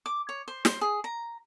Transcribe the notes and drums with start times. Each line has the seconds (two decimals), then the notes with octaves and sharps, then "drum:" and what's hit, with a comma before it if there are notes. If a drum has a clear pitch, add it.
0.06 D6
0.29 C#5
0.48 C5
0.65 C5, drum: snare
0.81 G#4
1.04 A#5